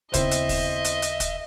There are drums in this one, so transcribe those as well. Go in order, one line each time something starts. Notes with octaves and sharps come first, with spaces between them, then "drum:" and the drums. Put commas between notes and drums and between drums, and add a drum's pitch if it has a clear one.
D#2 C#3 B3 C4 E4 C5 D#5 E5, drum: kick, hi-hat
drum: hi-hat
drum: kick, open hi-hat
drum: hi-hat
drum: hi-hat
drum: kick, hi-hat